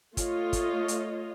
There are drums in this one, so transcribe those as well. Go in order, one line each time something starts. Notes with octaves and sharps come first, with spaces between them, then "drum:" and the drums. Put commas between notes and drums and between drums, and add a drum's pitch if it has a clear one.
A3 F4 C#5 D#5, drum: kick, hi-hat
drum: kick, hi-hat
drum: hi-hat